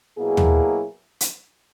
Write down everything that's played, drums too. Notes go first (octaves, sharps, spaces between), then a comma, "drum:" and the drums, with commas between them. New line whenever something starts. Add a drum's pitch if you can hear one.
B2 F#3 A#3 E4 G#4
drum: tom
drum: hi-hat